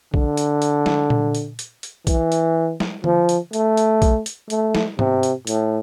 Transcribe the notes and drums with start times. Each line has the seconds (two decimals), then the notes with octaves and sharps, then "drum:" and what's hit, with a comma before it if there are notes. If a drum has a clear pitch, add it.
0.14 D3, drum: kick
0.37 drum: hi-hat
0.62 drum: hi-hat
0.86 drum: snare
1.10 drum: tom A#2
1.35 drum: hi-hat
1.59 drum: hi-hat
1.83 drum: hi-hat
2.07 E3, drum: kick, hi-hat
2.32 drum: hi-hat
2.80 drum: snare
3.04 F3, drum: tom D3
3.29 drum: hi-hat
3.53 A3, drum: hi-hat
3.77 drum: hi-hat
4.02 drum: kick, hi-hat
4.26 drum: hi-hat
4.50 A3, drum: hi-hat
4.75 drum: snare
4.99 C3, drum: tom G#2
5.23 drum: hi-hat
5.47 A2, drum: hi-hat